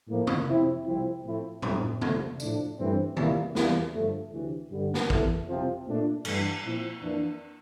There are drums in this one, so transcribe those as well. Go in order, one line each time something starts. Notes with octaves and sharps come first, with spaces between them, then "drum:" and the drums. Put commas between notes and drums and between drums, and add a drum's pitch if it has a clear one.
A2 F3 A#3
drum: tom
C3 F3 C4 E4
C2 C3 F3 C4 E4
A2 F3 A3 C4 E4
G2 F3 A3 C4 E4, drum: tom
C2 C3 F3 A3, drum: tom
A2 F3 A3 D4, drum: tambourine
G2 E3 A3 C4
C2 A#2 G3 A#3 E4, drum: tom D#3
E2 C3 G3 A#3 E4, drum: snare
G2 D3 F3 A3
D2 C3 E3
G2 D3 G3
drum: snare
E2 C3 E3 A3, drum: kick
C2 C3 F3
A#2 A3 D4
G2 E3 A3, drum: cymbal
A#2 F3 C4 E4
F2 E3 A#3 D4